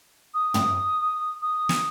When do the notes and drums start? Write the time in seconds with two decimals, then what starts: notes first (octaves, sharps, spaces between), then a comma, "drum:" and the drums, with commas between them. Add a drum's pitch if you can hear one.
0.34 D#6
0.54 drum: tom
1.42 D#6
1.69 drum: snare